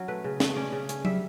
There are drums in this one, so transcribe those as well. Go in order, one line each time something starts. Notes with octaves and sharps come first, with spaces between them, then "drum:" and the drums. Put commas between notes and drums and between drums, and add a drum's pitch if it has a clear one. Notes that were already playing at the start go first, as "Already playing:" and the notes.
Already playing: F#3 C#4
A3 B4
C#3
A3, drum: snare
C#4 D5
C#3
C#4, drum: hi-hat
G3 E5, drum: tom F#3